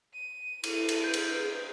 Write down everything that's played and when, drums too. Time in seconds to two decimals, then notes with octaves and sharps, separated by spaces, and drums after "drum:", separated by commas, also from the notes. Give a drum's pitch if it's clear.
0.14 D#7
0.64 E4 A4, drum: cymbal
0.89 drum: cymbal
1.01 B4 G6 D7
1.14 drum: cymbal
1.34 G#4